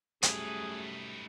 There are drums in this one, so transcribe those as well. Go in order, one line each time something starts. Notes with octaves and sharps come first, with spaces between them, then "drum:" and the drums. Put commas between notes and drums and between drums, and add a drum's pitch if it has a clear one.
F#2 G3 A3 D#4 G#4 B4, drum: hi-hat